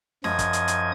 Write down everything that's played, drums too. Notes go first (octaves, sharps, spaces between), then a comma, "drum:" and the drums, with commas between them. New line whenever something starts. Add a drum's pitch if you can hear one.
F#2 F3 D#5 D#6 G#6, drum: snare
drum: kick, hi-hat
drum: hi-hat
drum: hi-hat